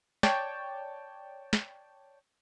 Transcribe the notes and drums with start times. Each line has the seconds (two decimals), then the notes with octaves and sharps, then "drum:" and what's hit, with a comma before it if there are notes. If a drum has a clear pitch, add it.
0.23 C#5 D5 G5 A5, drum: snare
1.53 drum: snare